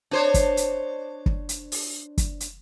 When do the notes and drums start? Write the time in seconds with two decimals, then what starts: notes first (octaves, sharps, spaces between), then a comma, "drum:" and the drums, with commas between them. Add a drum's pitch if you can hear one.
0.11 D4 C5 C#5
0.34 drum: kick, hi-hat
0.57 drum: hi-hat
1.26 drum: kick
1.49 drum: hi-hat
1.72 drum: open hi-hat
2.18 drum: kick, hi-hat
2.40 drum: hi-hat